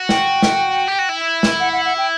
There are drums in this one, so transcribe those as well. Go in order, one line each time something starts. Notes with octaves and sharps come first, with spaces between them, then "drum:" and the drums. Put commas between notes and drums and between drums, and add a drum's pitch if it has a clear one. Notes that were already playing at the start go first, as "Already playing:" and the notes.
Already playing: F#4
G5, drum: snare
drum: snare
G4
F#4
E4
drum: snare
F#5
F#5
F#5
G5